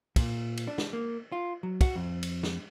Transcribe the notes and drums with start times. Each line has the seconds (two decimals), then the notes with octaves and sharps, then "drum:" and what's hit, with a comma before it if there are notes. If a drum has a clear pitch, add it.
0.16 A#2, drum: kick, cymbal
0.57 drum: cymbal
0.68 D4
0.78 drum: snare
0.93 A#3
1.32 F4
1.63 F#3
1.81 F#4, drum: kick, cymbal
1.96 F2
2.23 drum: cymbal
2.43 drum: snare